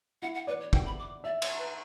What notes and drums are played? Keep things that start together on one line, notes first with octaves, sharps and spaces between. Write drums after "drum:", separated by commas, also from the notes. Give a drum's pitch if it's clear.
E4 F#5
F#5
B4 D5
C#5
F#5 G5, drum: kick
B5
D6
D5 E5
C#5, drum: cymbal
B4